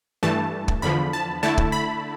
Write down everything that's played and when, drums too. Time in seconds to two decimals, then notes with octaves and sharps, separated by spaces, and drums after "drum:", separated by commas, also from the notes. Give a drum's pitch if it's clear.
0.23 G2 E3 A3 A5
0.68 drum: kick
0.82 E2 D3 F3 B5
1.13 A5
1.43 D3 A3 E4 A5
1.58 drum: kick
1.72 B5